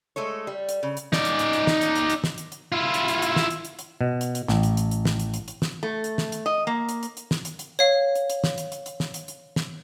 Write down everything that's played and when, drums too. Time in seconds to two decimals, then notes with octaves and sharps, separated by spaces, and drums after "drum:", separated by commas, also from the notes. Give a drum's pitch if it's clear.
0.16 G#3 A3 A4 C#5
0.47 G3
0.69 drum: hi-hat
0.83 C#3
0.97 drum: hi-hat
1.13 D#4 D5, drum: snare
1.25 drum: hi-hat
1.39 drum: hi-hat
1.53 drum: hi-hat
1.67 drum: snare
1.81 drum: hi-hat
1.95 drum: hi-hat
2.10 drum: hi-hat
2.24 drum: snare
2.38 drum: hi-hat
2.52 drum: hi-hat
2.72 E4 F4
2.94 drum: hi-hat
3.08 drum: hi-hat
3.22 drum: hi-hat
3.36 drum: snare
3.50 drum: hi-hat
3.65 drum: hi-hat
3.79 drum: hi-hat
4.01 B2
4.21 drum: hi-hat
4.35 drum: hi-hat
4.48 A1, drum: snare
4.63 drum: hi-hat
4.77 drum: hi-hat
4.91 drum: hi-hat
5.05 drum: snare
5.20 drum: hi-hat
5.34 drum: hi-hat
5.48 drum: hi-hat
5.62 drum: snare
5.83 A3
6.04 drum: hi-hat
6.18 drum: snare
6.32 drum: hi-hat
6.46 D#5
6.67 A#3
6.89 drum: hi-hat
7.03 drum: hi-hat
7.17 drum: hi-hat
7.31 drum: snare
7.45 drum: hi-hat
7.59 drum: hi-hat
7.79 C#5 F5
8.15 drum: hi-hat
8.30 drum: hi-hat
8.44 drum: snare
8.58 drum: hi-hat
8.72 drum: hi-hat
8.86 drum: hi-hat
9.00 drum: snare
9.14 drum: hi-hat
9.28 drum: hi-hat
9.56 drum: snare